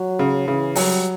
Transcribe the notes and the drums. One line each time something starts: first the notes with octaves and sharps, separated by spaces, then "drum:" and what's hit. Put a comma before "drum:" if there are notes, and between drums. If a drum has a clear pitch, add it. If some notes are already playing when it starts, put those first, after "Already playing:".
Already playing: F#3
C#3
C#3 E3
F#3 G3, drum: open hi-hat